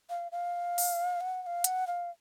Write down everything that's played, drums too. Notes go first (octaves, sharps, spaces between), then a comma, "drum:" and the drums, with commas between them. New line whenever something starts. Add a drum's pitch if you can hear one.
F5
F5
drum: open hi-hat
F#5
F#5
F5
F#5, drum: hi-hat
F5